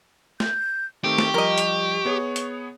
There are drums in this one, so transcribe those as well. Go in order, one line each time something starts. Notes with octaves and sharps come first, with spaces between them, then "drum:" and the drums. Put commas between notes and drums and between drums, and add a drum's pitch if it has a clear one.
G6, drum: snare
D#3 A3 C4 G4 C#6
drum: snare
F3 G3 A#4 D#5
drum: hi-hat
B3 G#4 C#5
drum: hi-hat